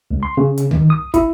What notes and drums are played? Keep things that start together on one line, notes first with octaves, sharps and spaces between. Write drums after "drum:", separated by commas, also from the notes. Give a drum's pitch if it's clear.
C#2
C6
C#3
drum: hi-hat
D#3, drum: tom C#2
D#6
E4, drum: kick, hi-hat